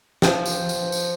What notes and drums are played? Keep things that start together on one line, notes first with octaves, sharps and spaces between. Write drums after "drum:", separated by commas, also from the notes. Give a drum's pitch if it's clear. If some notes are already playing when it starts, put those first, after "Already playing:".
F3 G5, drum: snare
drum: tambourine
drum: tambourine
drum: tambourine